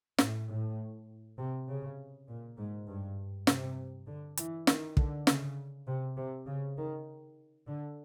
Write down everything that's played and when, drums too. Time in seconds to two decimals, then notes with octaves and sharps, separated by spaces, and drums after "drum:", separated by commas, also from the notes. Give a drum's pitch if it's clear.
0.18 A2, drum: snare
0.48 A2
1.38 C3
1.68 C#3
2.28 A#2
2.58 G#2
2.87 G2
3.47 C3, drum: snare
4.07 D3
4.37 E3, drum: hi-hat
4.67 D#3, drum: snare
4.97 D3, drum: kick
5.27 C#3, drum: snare
5.87 C3
6.16 C3
6.46 C#3
6.77 D#3
7.66 D3